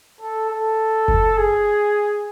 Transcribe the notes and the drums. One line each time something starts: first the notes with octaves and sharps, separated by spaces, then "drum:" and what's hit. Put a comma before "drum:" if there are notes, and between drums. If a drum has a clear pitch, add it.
A4
A4
drum: kick F#1
G#4